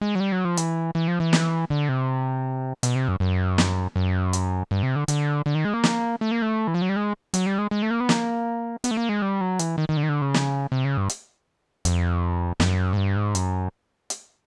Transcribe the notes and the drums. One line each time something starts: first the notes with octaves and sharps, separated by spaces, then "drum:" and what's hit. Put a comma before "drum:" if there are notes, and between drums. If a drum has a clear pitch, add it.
G#3
F#3
G3
F#3
F3
E3, drum: hi-hat
E3
F3
E3
drum: snare
D3
C3
B2, drum: hi-hat
C3
F#2
F#2
drum: snare
F#2
drum: hi-hat
G2
C3
D3
D3, drum: hi-hat
D3
D#3
G#3
A#3
drum: snare
A3
A#3
A3
E3
F3
F#3
G3
G#3
F#3, drum: hi-hat
G3
G#3
G#3
A3
A#3
B3
A#3, drum: snare
B3, drum: hi-hat
A3
A#3
G#3
G3
F#3
E3, drum: hi-hat
D#3
D#3
D3
D#3
D3
C#3
drum: snare
C3
C#3
G2
drum: hi-hat
F2, drum: hi-hat
F#2, drum: snare
G#2
G2
G#2
F#2, drum: hi-hat
drum: hi-hat